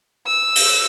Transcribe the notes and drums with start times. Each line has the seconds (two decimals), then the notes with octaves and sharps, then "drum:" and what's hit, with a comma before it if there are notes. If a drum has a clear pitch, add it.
0.27 E6
0.55 drum: open hi-hat